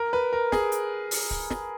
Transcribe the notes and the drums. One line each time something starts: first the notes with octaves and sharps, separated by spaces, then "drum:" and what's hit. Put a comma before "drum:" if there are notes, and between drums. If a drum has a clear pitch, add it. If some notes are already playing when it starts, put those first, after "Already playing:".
Already playing: A#4
B4
A#4
G#4, drum: snare
drum: hi-hat
drum: open hi-hat
drum: kick D1
drum: snare